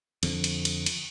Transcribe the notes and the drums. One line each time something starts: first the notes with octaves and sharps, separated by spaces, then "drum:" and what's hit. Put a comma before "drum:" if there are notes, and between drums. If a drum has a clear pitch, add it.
F2 D3 F3, drum: cymbal
drum: cymbal
drum: cymbal
drum: cymbal